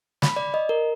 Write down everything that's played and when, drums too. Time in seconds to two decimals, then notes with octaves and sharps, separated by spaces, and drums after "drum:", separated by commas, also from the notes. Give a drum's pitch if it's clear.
0.22 B5, drum: snare
0.36 D5
0.54 D#5
0.69 A#4